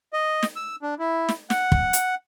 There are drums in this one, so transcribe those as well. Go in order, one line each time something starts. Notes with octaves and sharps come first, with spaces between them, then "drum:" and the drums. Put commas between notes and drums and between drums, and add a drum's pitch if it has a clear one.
D#5
drum: snare
E6
D4
E4
drum: snare
F#5, drum: snare
drum: kick
drum: hi-hat